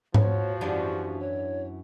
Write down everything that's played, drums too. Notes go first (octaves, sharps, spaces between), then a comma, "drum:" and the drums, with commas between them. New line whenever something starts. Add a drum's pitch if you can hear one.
F3 F#4 C#5, drum: tom G#2
F#2 E3 D4 G4
C#5